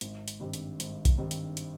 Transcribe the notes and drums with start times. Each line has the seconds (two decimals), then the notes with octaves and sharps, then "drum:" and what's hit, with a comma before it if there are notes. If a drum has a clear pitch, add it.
0.01 G#1, drum: hi-hat
0.28 drum: hi-hat
0.40 G2 D#3 G3 C4
0.53 drum: hi-hat
0.80 G#1, drum: hi-hat
1.05 drum: kick B1, hi-hat
1.18 G2 D#3 G3 C4
1.31 drum: hi-hat
1.57 drum: hi-hat